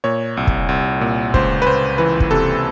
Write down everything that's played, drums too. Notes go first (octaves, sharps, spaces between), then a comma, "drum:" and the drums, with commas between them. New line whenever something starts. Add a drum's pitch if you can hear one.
A#2 C#5
C2
drum: kick
C2
A#2
C#2 C5, drum: kick
B4
C#2 C5
E3 B4
drum: kick
C3 A4